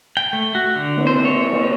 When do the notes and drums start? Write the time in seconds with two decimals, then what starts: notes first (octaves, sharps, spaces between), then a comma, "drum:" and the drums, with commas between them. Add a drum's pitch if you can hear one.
0.17 G5
0.33 A3
0.55 F#4
0.76 D3
0.97 drum: cymbal
1.07 C5
1.25 C#5
1.53 drum: cymbal